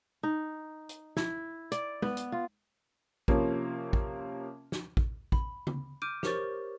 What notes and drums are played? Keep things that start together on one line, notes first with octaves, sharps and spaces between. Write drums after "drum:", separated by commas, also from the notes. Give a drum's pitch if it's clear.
D#4
drum: hi-hat
E4, drum: snare
D5, drum: hi-hat
B3, drum: tom G#3
drum: hi-hat
F4
C3 F3 A#3 C#4, drum: kick
drum: kick
drum: snare
drum: kick
B5, drum: kick
drum: tom C#3
D6 F6 G6 D7 D#7
G4 A#4 C5 C#5 C#6 A6, drum: snare